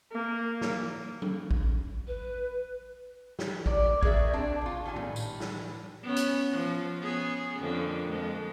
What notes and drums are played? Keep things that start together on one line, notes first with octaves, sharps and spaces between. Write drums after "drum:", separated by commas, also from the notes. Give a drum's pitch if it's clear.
A#3
drum: snare
drum: tom F#3
drum: kick A1
B4
G4, drum: snare
A#3 D5, drum: kick A1
F#4 G#4 A#4 C5 D5 E5, drum: kick A1
C4 D4 G#4 D5 A5
C3 F4
D#3 G3 E4 G#5 A5
drum: tom
drum: tambourine
drum: snare
B3 C#4
drum: hi-hat
F3
B3 C#4 G#4
F2 D3 A#3
F2 F3 G#3